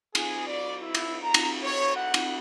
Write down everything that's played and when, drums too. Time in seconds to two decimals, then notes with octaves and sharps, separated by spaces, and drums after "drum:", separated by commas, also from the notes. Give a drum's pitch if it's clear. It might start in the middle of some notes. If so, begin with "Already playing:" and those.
0.15 G#4, drum: cymbal
0.47 D5
0.82 E4
0.95 drum: cymbal
1.24 A#5
1.34 drum: cymbal
1.63 C#5
1.96 F#5
2.14 drum: cymbal